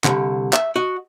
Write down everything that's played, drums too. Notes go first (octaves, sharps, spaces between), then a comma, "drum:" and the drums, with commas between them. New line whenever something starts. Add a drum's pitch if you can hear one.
C2 F#2 D3, drum: clap
E5, drum: clap
F#4 D#5